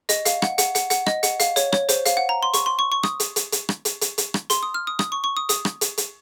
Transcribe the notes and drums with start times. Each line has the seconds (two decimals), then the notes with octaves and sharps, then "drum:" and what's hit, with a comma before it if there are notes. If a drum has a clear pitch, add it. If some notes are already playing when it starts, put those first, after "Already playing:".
0.09 D#5, drum: hi-hat
0.25 F5, drum: hi-hat
0.42 F#5, drum: rim click
0.58 F#5, drum: hi-hat
0.75 F#5, drum: hi-hat
0.90 F#5, drum: hi-hat
1.06 D#5, drum: rim click
1.23 F#5, drum: hi-hat
1.40 F5, drum: hi-hat
1.56 C#5, drum: hi-hat
1.73 C#5, drum: rim click
1.89 C5, drum: hi-hat
2.06 F5, drum: hi-hat
2.17 F#5
2.29 A#5
2.43 C6
2.54 C#6, drum: hi-hat
2.66 C6
2.79 C#6
2.92 C#6
3.03 D#6, drum: rim click
3.20 drum: hi-hat
3.36 drum: hi-hat
3.52 drum: hi-hat
3.69 drum: rim click
3.85 drum: hi-hat
4.01 drum: hi-hat
4.18 drum: hi-hat
4.34 drum: rim click
4.50 C6, drum: hi-hat
4.63 D#6
4.74 F6
4.87 D#6
4.99 D#6, drum: rim click
5.12 C#6
5.24 C#6
5.37 D#6
5.49 D#6, drum: hi-hat
5.65 drum: rim click
5.81 drum: hi-hat
5.98 drum: hi-hat